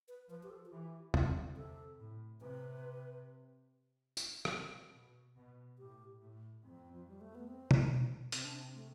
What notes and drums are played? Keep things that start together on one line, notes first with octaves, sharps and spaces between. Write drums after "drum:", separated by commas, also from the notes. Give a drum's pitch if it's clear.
B4
F3 B4
G4
A4
F4
E3 G4
D3, drum: tom E2
C3 A4
A2
C3 B4
drum: tambourine
drum: rim click
B2
B2
A2 G4
A2
F2 C4
F3
G3
A3
B3
C4
drum: tom
C3 C4, drum: hi-hat
D4
C4
A3